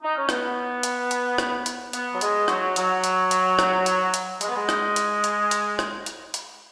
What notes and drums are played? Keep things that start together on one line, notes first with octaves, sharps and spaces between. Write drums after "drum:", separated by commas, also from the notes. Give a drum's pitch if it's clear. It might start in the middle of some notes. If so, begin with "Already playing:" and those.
D#4
C#4
B3, drum: rim click
drum: hi-hat
drum: hi-hat
drum: rim click
drum: hi-hat
B3, drum: hi-hat
F#3
G#3, drum: hi-hat
F#3, drum: rim click
F#3, drum: hi-hat
drum: hi-hat
drum: hi-hat
drum: rim click
drum: hi-hat
drum: hi-hat
G#3, drum: hi-hat
B3
G#3
drum: rim click
drum: hi-hat
drum: hi-hat
drum: hi-hat
drum: rim click
drum: hi-hat
drum: hi-hat